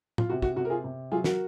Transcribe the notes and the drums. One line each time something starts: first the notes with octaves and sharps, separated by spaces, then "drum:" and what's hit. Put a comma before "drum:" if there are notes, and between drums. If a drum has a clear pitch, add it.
F4, drum: tom A2
C3 F#4
F#4, drum: kick
C3 F#4
A#4
F4 G#4
C3
F#3 F4 G#4
F#4 A#4, drum: snare